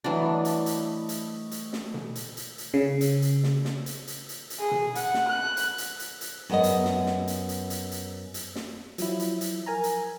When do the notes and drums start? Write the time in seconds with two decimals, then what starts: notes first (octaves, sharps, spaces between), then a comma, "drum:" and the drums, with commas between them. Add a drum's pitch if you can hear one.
0.04 E3 F#3 G3 A3 D4 D#5
0.45 drum: hi-hat
0.66 drum: hi-hat
1.09 drum: hi-hat
1.51 drum: hi-hat
1.73 drum: snare
1.94 drum: tom B2
2.15 drum: hi-hat
2.37 drum: hi-hat
2.58 drum: hi-hat
2.74 C#3
3.01 drum: hi-hat
3.22 drum: hi-hat
3.43 drum: snare
3.65 drum: snare
3.86 drum: hi-hat
4.07 drum: hi-hat
4.29 drum: hi-hat
4.50 drum: hi-hat
4.59 G#4
4.71 drum: tom B2
4.95 F#5, drum: hi-hat
5.14 drum: snare
5.27 F#6
5.57 drum: hi-hat
5.78 drum: hi-hat
5.99 drum: hi-hat
6.21 drum: hi-hat
6.50 F#2 B3 D#5
6.63 drum: hi-hat
6.85 drum: snare
7.06 drum: snare
7.27 drum: hi-hat
7.49 drum: hi-hat
7.70 drum: hi-hat
7.91 drum: hi-hat
8.34 drum: hi-hat
8.55 drum: snare
8.98 F3 F#3 E4, drum: hi-hat
9.20 drum: hi-hat
9.41 drum: hi-hat
9.66 A#4 G#5 A#5
9.84 drum: hi-hat